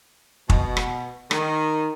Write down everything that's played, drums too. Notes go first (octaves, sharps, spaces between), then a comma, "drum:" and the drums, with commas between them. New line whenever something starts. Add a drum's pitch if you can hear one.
B2, drum: kick
drum: rim click
D#3, drum: rim click